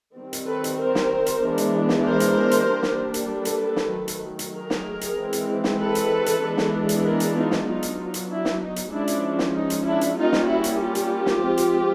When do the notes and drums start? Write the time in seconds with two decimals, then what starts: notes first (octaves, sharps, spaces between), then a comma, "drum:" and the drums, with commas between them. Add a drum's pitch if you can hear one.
0.17 D#3 G3 C4
0.33 drum: hi-hat
0.48 A4 B4
0.64 drum: hi-hat
0.79 A#4 C5
0.95 drum: snare
1.26 drum: hi-hat
1.41 E3 G#3 B3 D4
1.58 drum: hi-hat
1.89 drum: snare
2.04 A#4 C5
2.20 drum: hi-hat
2.51 drum: hi-hat
2.67 G3 A#3 D4
2.83 drum: snare
3.14 drum: hi-hat
3.29 A4 B4
3.45 drum: hi-hat
3.76 drum: snare
3.91 D#3 F#3 A3
4.08 drum: hi-hat
4.39 drum: hi-hat
4.54 G#4 A#4
4.70 drum: snare
5.01 drum: hi-hat
5.16 E3 G#3 C4
5.33 drum: hi-hat
5.64 drum: snare
5.79 A4 B4
5.95 drum: hi-hat
6.26 drum: hi-hat
6.42 E3 G#3 B3 D4
6.58 drum: snare
6.89 drum: hi-hat
7.04 G#4 A#4
7.20 drum: hi-hat
7.36 D#4 F4
7.51 drum: snare
7.66 F#3 B3 D4 D#4 F4
7.83 drum: hi-hat
8.14 drum: hi-hat
8.29 D4 E4
8.45 drum: snare
8.61 D#4
8.76 drum: hi-hat
8.92 F3 G#3 C#4 D4 E4
9.08 drum: hi-hat
9.39 drum: snare
9.54 D#4
9.70 drum: hi-hat
9.85 D4 E4
10.01 drum: hi-hat
10.17 G3 A#3 C#4 D#4 F4
10.33 drum: snare
10.48 E4 F#4
10.64 drum: hi-hat
10.80 F4 G4
10.95 drum: hi-hat
11.26 drum: snare
11.42 F3 G#3 C4
11.57 drum: hi-hat